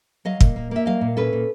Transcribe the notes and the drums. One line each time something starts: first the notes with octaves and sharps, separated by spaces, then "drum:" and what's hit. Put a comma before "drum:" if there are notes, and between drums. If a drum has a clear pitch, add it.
F#3 D#5 F5
A#2, drum: kick
A#3
A#3 E5
F#3 D#5 F5
A#2
C#4 A4 B4
A#2